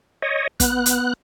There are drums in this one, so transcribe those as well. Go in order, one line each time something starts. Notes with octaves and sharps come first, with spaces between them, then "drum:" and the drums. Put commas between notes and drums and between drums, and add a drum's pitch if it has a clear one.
C#5 D#5
B3 F#6, drum: kick, hi-hat
drum: hi-hat